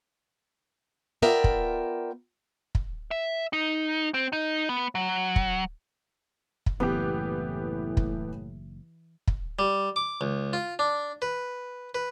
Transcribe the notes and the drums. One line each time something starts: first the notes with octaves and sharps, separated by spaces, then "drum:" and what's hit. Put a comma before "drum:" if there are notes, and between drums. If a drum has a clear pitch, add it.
B3 F4 A#4 D5 E5 G5
drum: kick
drum: kick
E5
D#4
C4
D#4
B3
F#3
drum: kick
drum: kick
F#1 A2 E3 B3 G4
drum: kick
drum: kick
G3
D6
C#2
F4
D4
B4
B4